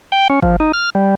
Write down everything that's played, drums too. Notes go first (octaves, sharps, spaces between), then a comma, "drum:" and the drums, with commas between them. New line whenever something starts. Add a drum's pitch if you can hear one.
G5
C#4
F3, drum: kick
D#4
F6
G3